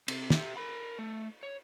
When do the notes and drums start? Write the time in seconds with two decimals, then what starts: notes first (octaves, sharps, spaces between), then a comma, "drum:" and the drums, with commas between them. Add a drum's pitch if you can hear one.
0.08 C3 C4, drum: cymbal
0.30 G4 E5, drum: snare
0.57 A#4 B5
0.99 A3
1.43 C#5